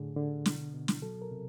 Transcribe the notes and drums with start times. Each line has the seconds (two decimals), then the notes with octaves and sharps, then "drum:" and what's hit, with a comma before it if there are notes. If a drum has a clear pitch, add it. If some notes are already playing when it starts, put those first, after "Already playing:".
Already playing: A2 D3 A3 G#4
0.16 D3
0.46 B2, drum: snare
0.74 B2
0.88 drum: snare
1.02 F#3 A4
1.22 A#4
1.31 C3